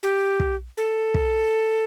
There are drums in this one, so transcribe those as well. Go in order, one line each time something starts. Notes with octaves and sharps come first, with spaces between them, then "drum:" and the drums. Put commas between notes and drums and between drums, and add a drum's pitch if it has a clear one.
G4
drum: kick
A4
drum: kick